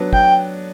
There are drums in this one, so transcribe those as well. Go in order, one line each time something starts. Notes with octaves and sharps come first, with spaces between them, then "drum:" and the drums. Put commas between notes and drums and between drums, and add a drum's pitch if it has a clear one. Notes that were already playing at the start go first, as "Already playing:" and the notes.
Already playing: F#3 B3 D4
G5, drum: kick